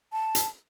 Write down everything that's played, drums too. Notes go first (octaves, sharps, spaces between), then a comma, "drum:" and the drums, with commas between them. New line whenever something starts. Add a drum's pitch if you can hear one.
A5
drum: hi-hat